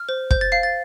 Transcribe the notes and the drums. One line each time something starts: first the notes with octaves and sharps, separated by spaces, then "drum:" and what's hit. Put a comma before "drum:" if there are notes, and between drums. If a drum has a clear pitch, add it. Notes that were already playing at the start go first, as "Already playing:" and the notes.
Already playing: F6
C5
C5 G6, drum: kick
A6
F5 C7
A6